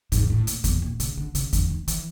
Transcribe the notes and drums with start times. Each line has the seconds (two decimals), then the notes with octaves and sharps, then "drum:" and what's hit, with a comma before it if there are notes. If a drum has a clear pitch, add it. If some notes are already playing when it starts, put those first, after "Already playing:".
0.12 G#2, drum: kick E2, hi-hat
0.30 A2
0.47 A#2, drum: hi-hat
0.64 B2, drum: kick E2, hi-hat
0.82 A#2
1.00 C#3, drum: hi-hat
1.17 D3
1.35 C#3, drum: hi-hat
1.53 D3, drum: kick E2, hi-hat
1.70 D#3
1.88 E3, drum: hi-hat